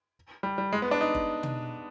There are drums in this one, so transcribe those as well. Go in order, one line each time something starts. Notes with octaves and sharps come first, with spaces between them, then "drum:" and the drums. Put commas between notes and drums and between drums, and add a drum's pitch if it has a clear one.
G3
G3
G#3
B3
D4
D#4
drum: kick
drum: tom